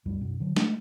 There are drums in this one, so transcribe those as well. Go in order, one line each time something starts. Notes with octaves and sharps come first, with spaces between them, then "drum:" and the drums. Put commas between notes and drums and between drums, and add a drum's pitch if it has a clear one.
C#2 F#2 G3
F#2 B2
D3 F#3
G#3 A3, drum: snare